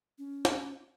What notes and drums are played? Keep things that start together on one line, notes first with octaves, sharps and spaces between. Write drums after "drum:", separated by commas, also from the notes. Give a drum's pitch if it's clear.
C#4
drum: snare